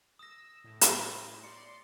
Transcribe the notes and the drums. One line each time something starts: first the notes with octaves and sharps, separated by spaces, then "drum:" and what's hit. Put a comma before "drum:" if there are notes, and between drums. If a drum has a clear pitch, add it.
D#6 E6 A#6
A2
drum: hi-hat
C6
D5 C6 C#7